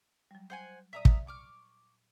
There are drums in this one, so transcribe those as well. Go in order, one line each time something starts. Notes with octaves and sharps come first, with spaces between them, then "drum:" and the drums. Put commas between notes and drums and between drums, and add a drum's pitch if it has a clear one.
F#3 G3
C5 F#5 G#5 G6
A#2 D5 E5 A#5 D#6
drum: kick
C#6 D6 F6